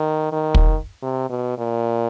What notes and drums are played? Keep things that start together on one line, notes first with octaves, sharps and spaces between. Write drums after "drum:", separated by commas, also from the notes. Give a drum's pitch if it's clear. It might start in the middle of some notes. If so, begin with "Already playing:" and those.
Already playing: D#3
D#3
drum: kick
C3
B2
A#2